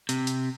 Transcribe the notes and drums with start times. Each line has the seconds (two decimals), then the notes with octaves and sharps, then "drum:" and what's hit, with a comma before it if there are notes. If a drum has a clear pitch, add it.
0.09 C3, drum: hi-hat
0.27 drum: hi-hat